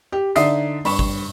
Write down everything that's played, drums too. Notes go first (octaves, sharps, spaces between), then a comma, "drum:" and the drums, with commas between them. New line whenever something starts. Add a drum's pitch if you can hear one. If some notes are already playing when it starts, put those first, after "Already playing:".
G4
D3 D#4 D5 E5 D#6 C7, drum: hi-hat
G2 B5 C#6 E7, drum: open hi-hat
drum: kick